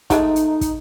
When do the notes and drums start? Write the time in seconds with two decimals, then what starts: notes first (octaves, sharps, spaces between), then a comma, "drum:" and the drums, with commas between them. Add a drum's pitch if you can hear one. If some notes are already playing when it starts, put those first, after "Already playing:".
0.10 F3 G#3 A3 D#4, drum: kick, hi-hat
0.36 drum: hi-hat
0.61 drum: kick, hi-hat